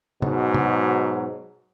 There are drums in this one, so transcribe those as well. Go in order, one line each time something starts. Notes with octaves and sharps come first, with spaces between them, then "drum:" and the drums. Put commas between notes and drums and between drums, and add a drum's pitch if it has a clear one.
G#2 B2 F#3, drum: tom
drum: tom